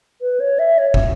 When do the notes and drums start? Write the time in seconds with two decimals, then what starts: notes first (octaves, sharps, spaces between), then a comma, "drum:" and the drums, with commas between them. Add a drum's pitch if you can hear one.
0.21 B4
0.40 C#5
0.59 E5
0.78 C#5
0.94 drum: kick